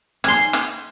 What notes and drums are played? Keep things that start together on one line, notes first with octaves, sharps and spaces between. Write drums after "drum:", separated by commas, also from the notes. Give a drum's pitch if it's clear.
G#5 C6, drum: rim click
drum: rim click